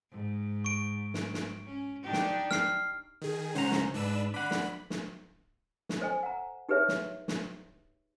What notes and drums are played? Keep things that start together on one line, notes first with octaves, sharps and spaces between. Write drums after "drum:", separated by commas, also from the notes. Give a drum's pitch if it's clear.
G#2
C#6 D7
drum: snare
drum: snare
C#4
D4 D#4 G4
drum: snare
F6 C7, drum: snare
D#3 G#4
C#2 C#4 C5 F#5 A#5
drum: snare
G#2 D4 B4 E6
D4 F#5 B5
drum: snare
drum: snare
drum: snare
A4 C5 D#5 G#5
F#5 A#5
D#4 G4 G#4 B4 C#5 E5
drum: snare
drum: snare